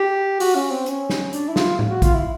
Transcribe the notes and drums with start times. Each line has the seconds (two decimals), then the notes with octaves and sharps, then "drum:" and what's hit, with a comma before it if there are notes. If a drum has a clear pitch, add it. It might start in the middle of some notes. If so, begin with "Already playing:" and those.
Already playing: G4
0.40 F#4, drum: open hi-hat
0.55 C#4
0.71 C4
0.86 C#4, drum: hi-hat
1.10 drum: snare
1.33 D4, drum: hi-hat
1.49 E4
1.56 F4, drum: snare
1.79 drum: tom A2
1.90 F#4
2.02 F4, drum: kick, hi-hat
2.14 E4